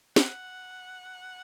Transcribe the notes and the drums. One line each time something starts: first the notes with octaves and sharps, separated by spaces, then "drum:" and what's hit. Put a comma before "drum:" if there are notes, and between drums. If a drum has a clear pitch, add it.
F#5, drum: snare